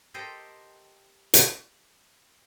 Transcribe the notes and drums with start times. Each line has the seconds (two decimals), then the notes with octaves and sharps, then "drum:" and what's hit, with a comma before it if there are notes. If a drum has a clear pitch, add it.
0.14 G4 A4 A#4 C5 D#5 G5
1.34 drum: hi-hat